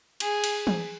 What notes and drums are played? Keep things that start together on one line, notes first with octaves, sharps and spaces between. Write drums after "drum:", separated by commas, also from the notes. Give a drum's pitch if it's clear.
G#4, drum: cymbal
drum: cymbal
drum: tom E3